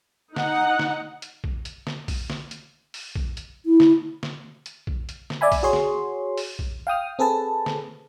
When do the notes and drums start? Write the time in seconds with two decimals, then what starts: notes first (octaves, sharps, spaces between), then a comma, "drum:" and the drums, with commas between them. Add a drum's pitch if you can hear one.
0.36 D#4 F#5, drum: snare
0.79 drum: snare
1.22 drum: hi-hat
1.44 drum: kick A#1
1.65 drum: hi-hat
1.87 drum: snare
2.08 drum: kick A#1, open hi-hat
2.30 drum: snare
2.51 drum: hi-hat
2.94 drum: open hi-hat
3.16 drum: kick A#1
3.37 drum: hi-hat
3.66 E4
3.80 drum: snare
4.23 drum: snare
4.66 drum: hi-hat
4.87 drum: kick A#1
5.09 drum: hi-hat
5.30 drum: snare
5.41 D5 E5 G#5 B5
5.52 drum: kick A#1, open hi-hat
5.63 F#4 G#4 C#5 C6
5.73 drum: snare
6.38 drum: open hi-hat
6.59 drum: kick A#1
6.87 F5 G5 D#6 F6
7.19 C4 G#4 A4 B4 A5
7.66 drum: snare